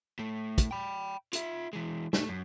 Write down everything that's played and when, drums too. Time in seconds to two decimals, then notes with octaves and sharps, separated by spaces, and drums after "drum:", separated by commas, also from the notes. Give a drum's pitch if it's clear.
0.19 A2 A3
0.58 drum: kick, hi-hat
0.71 G5 B5
1.33 F4 E5, drum: hi-hat
1.73 E3 G#3
2.13 A3, drum: snare
2.29 F#2